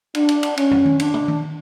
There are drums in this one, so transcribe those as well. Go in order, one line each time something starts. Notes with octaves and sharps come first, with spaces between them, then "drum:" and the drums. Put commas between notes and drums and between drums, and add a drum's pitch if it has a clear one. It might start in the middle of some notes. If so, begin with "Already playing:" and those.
D4, drum: cymbal
drum: cymbal
drum: cymbal
C#4, drum: cymbal
drum: tom
drum: tom D#3
D4, drum: cymbal
drum: tom
drum: tom D#3